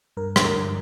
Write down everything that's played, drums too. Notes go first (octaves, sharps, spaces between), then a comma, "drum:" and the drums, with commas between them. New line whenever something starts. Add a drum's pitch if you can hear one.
G2 A#4
D3, drum: rim click
A#4
G2